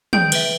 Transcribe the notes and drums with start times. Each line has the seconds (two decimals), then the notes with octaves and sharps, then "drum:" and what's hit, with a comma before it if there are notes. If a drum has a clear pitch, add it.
0.13 G#4 G5 G6, drum: tom
0.32 B4 E5, drum: cymbal